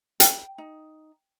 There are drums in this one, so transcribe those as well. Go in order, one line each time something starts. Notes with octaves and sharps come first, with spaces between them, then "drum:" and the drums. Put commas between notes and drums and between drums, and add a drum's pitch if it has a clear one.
G5, drum: hi-hat
D#4